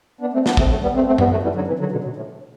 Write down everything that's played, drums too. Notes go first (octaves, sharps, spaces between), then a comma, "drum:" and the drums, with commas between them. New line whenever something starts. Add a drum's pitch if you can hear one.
B3 D4
A3 C4
B3 D4, drum: snare
A3 C4, drum: kick G#1
F#3 A3
G3 B3
A3 C4
A3 C4
G3 B3, drum: tom F#2
F#3 A3
E3 G3
D3 F#3
C3 E3
D3 F#3
B2 D3
B2
A2